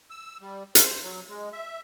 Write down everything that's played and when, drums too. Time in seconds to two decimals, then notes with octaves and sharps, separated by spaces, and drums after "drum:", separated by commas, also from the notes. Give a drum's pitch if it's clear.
0.10 E6
0.41 G3
0.75 C5, drum: hi-hat
1.03 F#3
1.29 G#3
1.53 E5